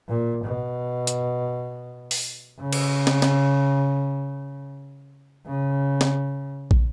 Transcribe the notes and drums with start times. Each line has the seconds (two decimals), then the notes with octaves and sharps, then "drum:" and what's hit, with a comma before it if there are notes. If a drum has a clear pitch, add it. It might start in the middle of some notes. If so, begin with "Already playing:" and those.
0.08 A#2
0.45 B2
1.07 drum: hi-hat
2.11 drum: open hi-hat
2.60 C#3
2.73 drum: cymbal
3.07 drum: snare
3.22 drum: snare
5.47 C#3
6.01 drum: snare
6.71 drum: kick